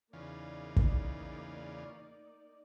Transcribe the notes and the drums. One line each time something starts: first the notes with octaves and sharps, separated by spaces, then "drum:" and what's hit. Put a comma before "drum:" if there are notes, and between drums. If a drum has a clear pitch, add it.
E2 C#3 A#3 D#4 F4 D5
drum: kick